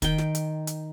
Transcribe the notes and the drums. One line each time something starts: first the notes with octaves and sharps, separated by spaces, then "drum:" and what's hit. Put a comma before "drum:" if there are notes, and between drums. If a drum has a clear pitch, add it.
D#3 G5, drum: kick, hi-hat
drum: snare
drum: hi-hat
drum: hi-hat